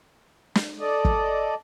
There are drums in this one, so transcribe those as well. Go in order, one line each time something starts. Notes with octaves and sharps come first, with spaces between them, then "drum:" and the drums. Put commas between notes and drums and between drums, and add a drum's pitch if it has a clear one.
drum: snare
A4 D5 D#5
drum: kick